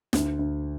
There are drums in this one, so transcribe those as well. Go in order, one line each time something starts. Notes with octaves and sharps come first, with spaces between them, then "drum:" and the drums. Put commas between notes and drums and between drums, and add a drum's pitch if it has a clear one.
D2, drum: snare
D2